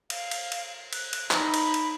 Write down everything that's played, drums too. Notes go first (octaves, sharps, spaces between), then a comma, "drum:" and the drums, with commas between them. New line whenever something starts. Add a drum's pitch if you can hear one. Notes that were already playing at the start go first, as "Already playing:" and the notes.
F5, drum: cymbal
drum: cymbal
drum: cymbal
F#6, drum: cymbal
drum: cymbal
D#4 B5, drum: clap
drum: cymbal
drum: cymbal